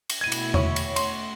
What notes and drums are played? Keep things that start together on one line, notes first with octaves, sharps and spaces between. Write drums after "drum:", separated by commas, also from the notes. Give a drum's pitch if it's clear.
drum: cymbal
B2 A3 E4 G#6 D#7
drum: cymbal
C#5, drum: tom E2
drum: cymbal
A3 C6, drum: cymbal